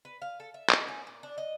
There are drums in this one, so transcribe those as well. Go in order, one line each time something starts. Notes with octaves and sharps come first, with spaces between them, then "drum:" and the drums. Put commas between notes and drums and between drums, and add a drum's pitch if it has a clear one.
B4
F5
A4
E5
D#5, drum: clap
C#4
A#2
D4
D#5